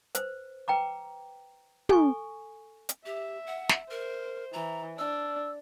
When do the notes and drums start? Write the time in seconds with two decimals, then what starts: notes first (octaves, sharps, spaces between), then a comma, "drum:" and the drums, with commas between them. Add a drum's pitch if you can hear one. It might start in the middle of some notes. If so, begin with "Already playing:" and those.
0.15 B4 C5, drum: hi-hat
0.68 B4 G5 A#5 D6
1.89 A4 G#5 C#6, drum: tom
2.89 drum: hi-hat
3.06 G4 E5
3.47 F#5
3.69 drum: snare
3.91 A#4 C5
4.53 E3 A#5
4.98 D4 E6